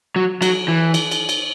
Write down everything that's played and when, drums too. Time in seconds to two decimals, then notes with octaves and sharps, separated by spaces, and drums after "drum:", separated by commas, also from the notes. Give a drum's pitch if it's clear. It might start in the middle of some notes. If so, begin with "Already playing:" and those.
0.16 F#3
0.42 F#3, drum: cymbal
0.68 E3
0.94 drum: cymbal
1.11 drum: cymbal
1.29 drum: cymbal